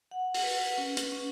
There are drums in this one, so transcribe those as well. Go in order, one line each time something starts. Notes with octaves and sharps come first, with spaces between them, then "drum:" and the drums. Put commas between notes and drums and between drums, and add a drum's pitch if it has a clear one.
F#5
drum: open hi-hat
B4
C#4
drum: hi-hat
C#4